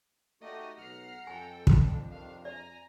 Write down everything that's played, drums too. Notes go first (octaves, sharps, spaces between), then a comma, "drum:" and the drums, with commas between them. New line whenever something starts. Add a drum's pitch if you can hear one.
A3 D#4 F#4 G4 D5 D#5
B1 F#5 A#5 F6 C7
F2 A4 G5 G#5
F3 D4, drum: kick
C3 D#3 D4 F5
D5 G#5 A#5